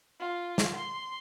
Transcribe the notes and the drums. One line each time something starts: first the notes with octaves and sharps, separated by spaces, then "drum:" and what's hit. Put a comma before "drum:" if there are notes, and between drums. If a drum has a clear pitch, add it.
F4
drum: snare
C6